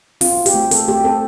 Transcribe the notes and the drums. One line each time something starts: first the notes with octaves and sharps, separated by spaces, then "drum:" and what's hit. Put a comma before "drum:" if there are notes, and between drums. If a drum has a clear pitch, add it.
C4 F4, drum: open hi-hat
C4
G4, drum: hi-hat
A3
C4 A4, drum: hi-hat
A3 G4
C4 A4